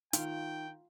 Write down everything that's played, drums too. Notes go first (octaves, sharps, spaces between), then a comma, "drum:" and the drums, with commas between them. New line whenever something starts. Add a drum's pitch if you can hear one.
D#3 F4 G5, drum: hi-hat